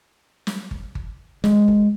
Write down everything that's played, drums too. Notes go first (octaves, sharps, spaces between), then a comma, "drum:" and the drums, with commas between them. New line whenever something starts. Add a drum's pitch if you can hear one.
drum: snare
drum: kick G1
drum: kick G1
G#3, drum: snare
drum: kick G1